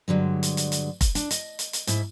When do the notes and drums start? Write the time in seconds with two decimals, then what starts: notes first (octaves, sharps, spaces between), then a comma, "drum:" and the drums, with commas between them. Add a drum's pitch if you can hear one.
0.08 G2 D3 F#3 G#3
0.43 drum: hi-hat
0.57 drum: hi-hat
0.72 drum: hi-hat
1.01 drum: kick F1, hi-hat
1.15 D4, drum: hi-hat
1.31 D#5, drum: hi-hat
1.59 drum: hi-hat
1.73 drum: hi-hat
1.87 G#2 E4, drum: hi-hat